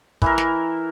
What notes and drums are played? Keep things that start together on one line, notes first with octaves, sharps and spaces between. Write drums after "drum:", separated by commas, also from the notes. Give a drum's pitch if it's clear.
E3 E4 A#4, drum: kick
drum: snare